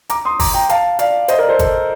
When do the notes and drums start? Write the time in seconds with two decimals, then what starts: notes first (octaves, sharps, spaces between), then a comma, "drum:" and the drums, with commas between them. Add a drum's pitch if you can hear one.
0.10 A#5 D6, drum: hi-hat
0.25 C6 D#6
0.40 A#5 D6, drum: kick, open hi-hat
0.54 G5 A#5
0.69 F5 A5, drum: hi-hat
0.99 D5 F5, drum: hi-hat
1.28 C5 D#5, drum: hi-hat
1.39 A#4 D5
1.49 A4 C5
1.59 A4, drum: kick, hi-hat